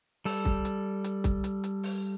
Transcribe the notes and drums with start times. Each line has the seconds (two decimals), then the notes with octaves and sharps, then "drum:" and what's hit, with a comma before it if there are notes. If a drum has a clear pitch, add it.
0.25 G3 A4, drum: open hi-hat
0.45 drum: kick
0.65 drum: hi-hat
1.04 drum: hi-hat
1.24 drum: kick, hi-hat
1.44 drum: hi-hat
1.64 drum: hi-hat
1.83 drum: open hi-hat